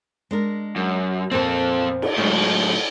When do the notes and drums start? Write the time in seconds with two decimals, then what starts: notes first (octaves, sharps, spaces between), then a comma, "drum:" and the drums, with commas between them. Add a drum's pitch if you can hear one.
0.31 G#3 D4 A#4
0.76 F#2
1.31 F2 A#2 F3 C4 A4
2.02 drum: cymbal
2.18 A2 F#3 G#3